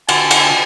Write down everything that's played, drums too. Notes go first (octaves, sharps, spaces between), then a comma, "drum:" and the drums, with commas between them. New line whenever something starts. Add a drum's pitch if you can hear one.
D3 G#5, drum: cymbal
drum: cymbal